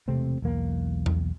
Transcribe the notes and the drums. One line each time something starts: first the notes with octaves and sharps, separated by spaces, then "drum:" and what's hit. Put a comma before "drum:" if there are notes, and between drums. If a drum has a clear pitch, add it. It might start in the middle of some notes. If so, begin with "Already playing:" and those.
E1 C3 A3 C4
B1 E2 A#3
drum: tom E2